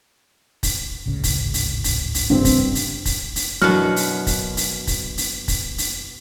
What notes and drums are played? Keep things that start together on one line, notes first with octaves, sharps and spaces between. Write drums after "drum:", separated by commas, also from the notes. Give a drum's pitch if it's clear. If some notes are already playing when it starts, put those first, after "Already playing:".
drum: kick, open hi-hat
D1 G#1 C#3
drum: kick, open hi-hat
drum: open hi-hat
drum: kick, open hi-hat
drum: open hi-hat
G#1 G2 C#3 C4
drum: kick, open hi-hat
drum: open hi-hat
drum: kick, open hi-hat
drum: open hi-hat
F#2 B2 E3 F#3 D4 F#4 F6
drum: open hi-hat
drum: kick, open hi-hat
drum: open hi-hat
drum: kick, open hi-hat
drum: open hi-hat
drum: kick, open hi-hat
drum: open hi-hat